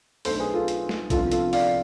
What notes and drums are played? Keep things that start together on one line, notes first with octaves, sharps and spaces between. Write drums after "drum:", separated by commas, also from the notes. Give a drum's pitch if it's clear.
B1 B2 A3 D4 A4 C5, drum: open hi-hat
G#4 B4
F4 A4
drum: hi-hat
drum: snare
C2 C3 F3 B3 D4 F4 A4, drum: kick, hi-hat
F4 A4, drum: hi-hat
D5 F5, drum: open hi-hat